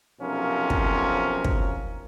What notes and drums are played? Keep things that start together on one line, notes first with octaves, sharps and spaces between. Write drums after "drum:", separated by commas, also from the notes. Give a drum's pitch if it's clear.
B1 C3 F3 C#4 A#4
drum: kick
drum: kick